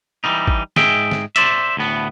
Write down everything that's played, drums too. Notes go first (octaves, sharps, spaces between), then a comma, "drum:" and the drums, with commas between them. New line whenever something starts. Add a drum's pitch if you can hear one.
E3 G3 D#4
drum: kick G#1
G#2 G#4 D#5 E5 G5, drum: snare
drum: snare
C5 D5 E5, drum: hi-hat
D2 A2 B3